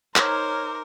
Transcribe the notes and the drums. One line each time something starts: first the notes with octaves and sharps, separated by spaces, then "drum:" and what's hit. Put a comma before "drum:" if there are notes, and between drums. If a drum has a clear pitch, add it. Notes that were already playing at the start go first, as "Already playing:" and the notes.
D#4 A#4 C5 C#5 A#5 D6 F6, drum: clap